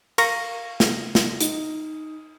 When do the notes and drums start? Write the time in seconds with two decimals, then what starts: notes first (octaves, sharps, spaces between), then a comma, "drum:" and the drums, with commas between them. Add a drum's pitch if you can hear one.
0.18 A#4 F5 C#6 A#6, drum: cymbal
0.80 drum: snare
1.15 drum: snare
1.40 D#4, drum: hi-hat